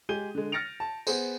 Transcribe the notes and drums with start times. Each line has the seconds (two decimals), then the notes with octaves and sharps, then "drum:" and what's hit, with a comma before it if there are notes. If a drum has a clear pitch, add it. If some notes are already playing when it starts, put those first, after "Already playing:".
0.09 G#3 G4 G#4 G6 D#7 G7
0.35 D3 G#3
0.52 F6 A6 A#6 C#7 D7 F7
0.80 A5
1.07 B3 G#4 C5, drum: tambourine